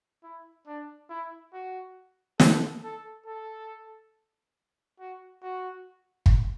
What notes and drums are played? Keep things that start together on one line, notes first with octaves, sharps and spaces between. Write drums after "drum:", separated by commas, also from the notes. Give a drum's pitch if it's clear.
E4
D4
E4
F#4
A4, drum: snare
A4
A4
F#4
F#4
drum: kick